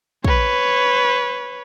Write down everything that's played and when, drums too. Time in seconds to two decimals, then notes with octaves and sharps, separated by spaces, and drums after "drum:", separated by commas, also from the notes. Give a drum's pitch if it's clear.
0.24 B4 C#5, drum: kick